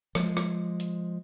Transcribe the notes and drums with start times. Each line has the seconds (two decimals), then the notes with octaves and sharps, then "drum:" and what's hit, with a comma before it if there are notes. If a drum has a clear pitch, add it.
0.15 F3 G#3, drum: rim click
0.37 drum: rim click
0.80 drum: hi-hat